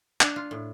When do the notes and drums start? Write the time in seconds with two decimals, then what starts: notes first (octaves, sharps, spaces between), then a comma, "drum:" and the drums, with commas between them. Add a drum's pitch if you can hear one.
0.21 D4, drum: clap
0.36 F4
0.51 A2